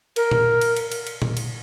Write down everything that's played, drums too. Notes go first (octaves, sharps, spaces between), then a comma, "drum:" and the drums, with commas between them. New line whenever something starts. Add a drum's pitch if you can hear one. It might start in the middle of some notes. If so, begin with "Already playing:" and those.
A#4, drum: cymbal
drum: tom A#2
drum: cymbal
drum: cymbal
drum: cymbal
drum: cymbal
drum: tom A#2
drum: cymbal